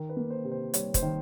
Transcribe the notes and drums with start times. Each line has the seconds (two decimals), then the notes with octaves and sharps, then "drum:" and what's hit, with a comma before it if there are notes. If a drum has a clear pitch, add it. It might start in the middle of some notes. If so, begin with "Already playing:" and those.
Already playing: D#3 A#4
0.09 B4
0.17 A#3
0.30 C5
0.45 C3
0.52 C5
0.74 G3 C#5, drum: hi-hat
0.94 C5, drum: kick, hi-hat
1.02 D#3